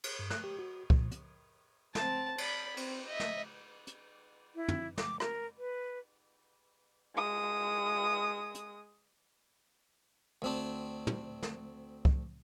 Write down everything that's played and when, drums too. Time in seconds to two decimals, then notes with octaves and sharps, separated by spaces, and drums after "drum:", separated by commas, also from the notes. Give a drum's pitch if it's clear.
0.04 drum: cymbal
0.19 G2
0.30 F#6, drum: snare
0.44 G4
0.59 F#4
0.90 A#2, drum: kick C2
1.11 drum: hi-hat
1.95 C4 A5, drum: snare
2.38 D5 B5, drum: cymbal
2.77 C4, drum: cymbal
3.08 D#5 E5
3.20 drum: snare
3.87 drum: hi-hat
4.55 E4
4.68 drum: tom
4.98 D6, drum: snare
5.20 A#4, drum: rim click
5.58 B4
7.15 G#3 D#6
8.55 drum: hi-hat
10.42 D2 C4 D4
11.07 drum: tom
11.43 drum: snare
12.05 drum: kick C2